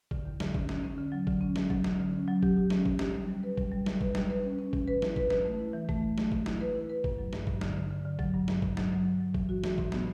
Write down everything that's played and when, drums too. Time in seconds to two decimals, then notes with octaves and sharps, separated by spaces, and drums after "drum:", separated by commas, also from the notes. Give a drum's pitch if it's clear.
0.11 D3, drum: kick G#1
0.25 E2
0.40 D3, drum: snare
0.54 C#4, drum: kick G#1
0.69 C#4, drum: snare
0.83 C#4
0.98 D3
1.12 F#3
1.27 D3, drum: kick G#1
1.41 C#4
1.56 F#3, drum: snare
1.70 F#3, drum: kick G#1
1.84 C#4, drum: snare
1.99 D3
2.13 C#4
2.28 F#3
2.43 G4, drum: kick G#1
2.56 G4
2.70 C#4, drum: snare
2.86 G4, drum: kick G#1
2.99 G4, drum: snare
3.14 G3
3.29 G3
3.43 B4
3.57 G3, drum: kick G#1
3.72 G3
3.86 G3, drum: snare
4.01 B4, drum: kick G#1
4.15 G3, drum: snare
4.30 B4
4.44 C#4
4.59 C#4
4.73 E3, drum: kick G#1
4.88 B4
5.02 E4, drum: snare
5.16 B4, drum: kick G#1
5.30 B4, drum: snare
5.45 A3
5.60 E4
5.74 E3
5.89 A3, drum: kick G#1
6.02 A3
6.18 A3, drum: snare
6.32 A3, drum: kick G#1
6.46 E4, drum: snare
6.61 B4
6.75 E4
6.89 B4
7.04 G2, drum: kick G#1
7.18 F#3
7.33 G2, drum: snare
7.47 G2, drum: kick G#1
7.61 D3, drum: snare
7.76 D3
7.91 D3
8.05 D3
8.19 F#3, drum: kick G#1
8.34 G2
8.48 G2, drum: snare
8.62 G2, drum: kick G#1
8.77 F#3, drum: snare
8.92 F#3
9.05 F#3
9.20 F#3
9.34 E3, drum: kick G#1
9.49 F#4
9.64 E3, drum: snare
9.78 A2, drum: kick G#1
9.92 B3, drum: snare